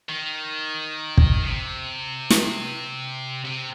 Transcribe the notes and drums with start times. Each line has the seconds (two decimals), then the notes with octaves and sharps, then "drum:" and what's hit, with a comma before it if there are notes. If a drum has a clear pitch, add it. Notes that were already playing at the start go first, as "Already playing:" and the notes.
0.09 D#3
1.17 drum: kick
1.43 C3
2.30 drum: snare
3.45 C3